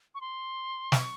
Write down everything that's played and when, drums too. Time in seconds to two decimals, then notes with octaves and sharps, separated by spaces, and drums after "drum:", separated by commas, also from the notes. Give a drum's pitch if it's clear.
0.15 C#6
0.21 C6
0.92 C#6, drum: snare